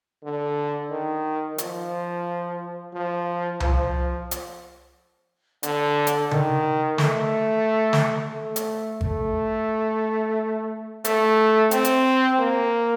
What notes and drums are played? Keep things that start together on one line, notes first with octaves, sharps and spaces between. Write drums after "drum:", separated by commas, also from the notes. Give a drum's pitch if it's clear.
D3
D#3
F3, drum: hi-hat
F3
F3, drum: tom C2
drum: hi-hat
D3, drum: hi-hat
drum: hi-hat
D#3, drum: tom C#3
A3, drum: snare
drum: snare
A3
drum: hi-hat
A3, drum: kick G#1
A3, drum: hi-hat
C4, drum: hi-hat
drum: hi-hat
A#3